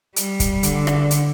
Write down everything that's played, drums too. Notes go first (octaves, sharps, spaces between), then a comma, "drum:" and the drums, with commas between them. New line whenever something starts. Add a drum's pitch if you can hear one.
G3, drum: hi-hat
drum: kick, hi-hat
D3, drum: hi-hat
drum: rim click
drum: hi-hat